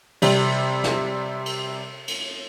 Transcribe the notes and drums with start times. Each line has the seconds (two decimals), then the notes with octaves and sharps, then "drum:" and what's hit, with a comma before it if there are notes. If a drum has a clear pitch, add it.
0.22 C3 G3, drum: cymbal
0.84 drum: snare
1.46 drum: cymbal
2.08 drum: cymbal